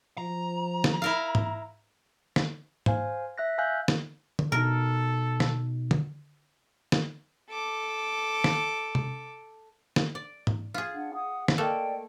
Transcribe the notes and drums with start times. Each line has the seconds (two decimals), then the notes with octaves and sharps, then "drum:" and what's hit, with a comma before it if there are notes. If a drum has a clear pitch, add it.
0.18 F3 A#5
0.84 drum: snare
1.02 E4 A#4 F5
1.35 drum: tom G#2
2.36 drum: snare
2.86 C5 F5 G#5, drum: tom G#2
3.38 E5 F#6 A#6
3.58 F5 G#5 E6 F#6 G6
3.88 drum: snare
4.39 drum: tom D3
4.52 B2 D#4 A4 A#4
5.40 drum: snare
5.91 drum: tom D3
6.92 drum: snare
7.50 A4 D6
8.44 drum: snare
8.95 drum: tom C3
9.96 drum: snare
10.15 D5
10.47 drum: tom G#2
10.74 F4 G#4
10.93 D4 F#5
11.13 F#5 D#6
11.48 drum: snare
11.58 A3 A#3 A4 D5 D#5 G5